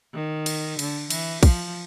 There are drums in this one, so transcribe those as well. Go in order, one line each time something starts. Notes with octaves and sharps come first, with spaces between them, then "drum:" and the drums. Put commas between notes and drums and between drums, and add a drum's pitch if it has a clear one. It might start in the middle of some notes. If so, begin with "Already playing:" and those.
D#3
drum: cymbal
D3, drum: cymbal
E3, drum: cymbal
F3, drum: kick, cymbal